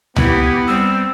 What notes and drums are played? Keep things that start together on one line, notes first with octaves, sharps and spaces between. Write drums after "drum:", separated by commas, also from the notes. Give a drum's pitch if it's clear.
E3 B3 E4 G4, drum: tom C#2
G3 C4 E6